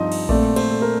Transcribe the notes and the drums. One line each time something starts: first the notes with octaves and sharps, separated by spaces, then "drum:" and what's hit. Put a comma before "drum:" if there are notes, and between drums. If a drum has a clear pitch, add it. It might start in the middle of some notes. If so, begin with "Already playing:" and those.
Already playing: G2 F3 C4 D#4 D#5
drum: cymbal
A#2 A3 C4 D5, drum: kick A#1
C5, drum: cymbal
A4
A#4